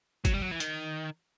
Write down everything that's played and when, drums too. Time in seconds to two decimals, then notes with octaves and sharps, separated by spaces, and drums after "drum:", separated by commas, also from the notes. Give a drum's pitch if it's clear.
0.25 F#3, drum: kick, hi-hat
0.34 G3
0.42 F#3
0.52 E3
0.60 D#3, drum: hi-hat